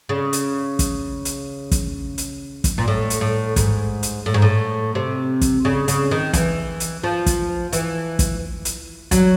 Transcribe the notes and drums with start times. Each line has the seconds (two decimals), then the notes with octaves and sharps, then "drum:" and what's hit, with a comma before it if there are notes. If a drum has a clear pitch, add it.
0.09 C#3
0.33 drum: hi-hat
0.79 drum: kick, hi-hat
1.25 drum: hi-hat
1.71 drum: kick, hi-hat
2.18 drum: hi-hat
2.64 drum: kick, hi-hat
2.78 A#2
2.88 A2
3.10 drum: hi-hat
3.21 A2
3.56 G#2, drum: kick, hi-hat
4.03 drum: hi-hat
4.26 A2
4.34 G#2
4.42 A2
4.95 C3
5.41 drum: kick, hi-hat
5.65 C#3
5.88 C#3, drum: hi-hat
6.11 D#3
6.33 E3, drum: kick, hi-hat
6.80 drum: hi-hat
7.03 F3
7.26 drum: kick, hi-hat
7.73 E3, drum: hi-hat
8.19 drum: kick, hi-hat
8.65 drum: hi-hat
9.11 F#3, drum: kick, hi-hat